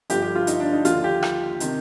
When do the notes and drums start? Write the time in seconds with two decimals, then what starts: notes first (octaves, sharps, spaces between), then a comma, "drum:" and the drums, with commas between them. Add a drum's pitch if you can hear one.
0.10 G1 G2 D3 F3 G4, drum: hi-hat
0.22 G4
0.35 F4
0.47 D#4, drum: hi-hat
0.60 D4
0.73 D#4
0.85 D#2 D3 F3 F4, drum: hi-hat
1.04 G4
1.23 drum: rim click
1.60 C3 D#3, drum: hi-hat